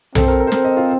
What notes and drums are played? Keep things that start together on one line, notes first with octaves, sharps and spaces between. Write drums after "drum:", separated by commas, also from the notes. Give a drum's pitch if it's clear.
C4 A4, drum: tom B1
C5
A#4
A#4
C5
C4 A#4, drum: snare
D#5
F4